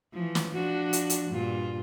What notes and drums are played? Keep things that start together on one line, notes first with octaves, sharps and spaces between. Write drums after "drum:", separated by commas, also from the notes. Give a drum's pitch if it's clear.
E3 F3
drum: snare
F3 D4 F#4
drum: hi-hat
drum: hi-hat
G2 A#2 F4